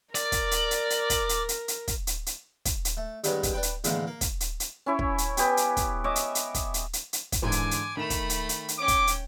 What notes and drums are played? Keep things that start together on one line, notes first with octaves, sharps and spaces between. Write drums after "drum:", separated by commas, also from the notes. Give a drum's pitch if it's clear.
A#4 D5, drum: hi-hat
drum: kick, hi-hat
drum: hi-hat
drum: hi-hat
drum: hi-hat
drum: kick, hi-hat
drum: hi-hat
drum: hi-hat
drum: hi-hat
drum: kick, hi-hat
drum: hi-hat
drum: hi-hat
drum: kick, hi-hat
drum: hi-hat
A3
G2 D#3 G3 G#3 B3 C#4, drum: hi-hat
drum: kick, hi-hat
D4 B4 G5
drum: hi-hat
E2 A2 D3 D#3 G#3 A#3, drum: hi-hat
A#3
drum: kick, hi-hat
drum: hi-hat
drum: hi-hat
C#4 E4 C#5
drum: kick
drum: hi-hat
B3 G4 G#5, drum: hi-hat
drum: hi-hat
drum: kick, hi-hat
C#5 D#5 E5 D6
drum: hi-hat
drum: hi-hat
drum: kick, hi-hat
drum: hi-hat
drum: hi-hat
drum: hi-hat
drum: kick, hi-hat
G#2 D3 E3 G#5 D6
drum: hi-hat
drum: hi-hat
D#3 A3 B5 E7
drum: kick, hi-hat
drum: hi-hat
drum: hi-hat
drum: hi-hat
C#4 G5 D6
drum: kick, hi-hat
drum: hi-hat